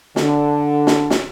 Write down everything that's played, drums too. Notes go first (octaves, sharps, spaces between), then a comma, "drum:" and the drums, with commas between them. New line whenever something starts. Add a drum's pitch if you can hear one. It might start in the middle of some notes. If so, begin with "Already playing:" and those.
D3, drum: snare
drum: snare
drum: snare